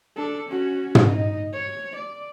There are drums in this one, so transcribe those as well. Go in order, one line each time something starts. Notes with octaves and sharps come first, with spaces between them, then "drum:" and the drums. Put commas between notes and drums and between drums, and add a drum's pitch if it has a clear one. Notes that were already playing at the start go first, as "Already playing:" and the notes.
D4 A4
C#4 F#4
drum: tom
D#4 D#5
C#5
D5